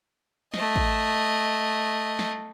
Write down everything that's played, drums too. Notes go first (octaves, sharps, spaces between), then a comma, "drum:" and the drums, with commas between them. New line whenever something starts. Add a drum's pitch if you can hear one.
A3 D#5, drum: snare
drum: kick
drum: snare